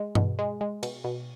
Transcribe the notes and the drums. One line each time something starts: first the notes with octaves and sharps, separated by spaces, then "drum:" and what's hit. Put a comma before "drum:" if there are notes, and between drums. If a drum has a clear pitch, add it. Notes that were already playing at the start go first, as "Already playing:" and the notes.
Already playing: G#3
B2, drum: tom G2
G#3
G#3
B2, drum: cymbal
B2